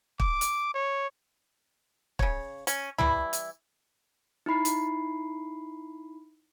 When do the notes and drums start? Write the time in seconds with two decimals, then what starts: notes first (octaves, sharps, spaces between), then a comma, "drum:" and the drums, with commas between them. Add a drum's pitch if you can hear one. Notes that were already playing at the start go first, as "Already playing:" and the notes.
0.20 D6, drum: kick
0.41 drum: hi-hat
0.74 C#5
2.19 C#3 C#5, drum: kick
2.67 C#4, drum: hi-hat
2.98 E3 G3 E4, drum: tom
3.33 drum: hi-hat
4.46 D#4 E4 B5 C7
4.65 drum: hi-hat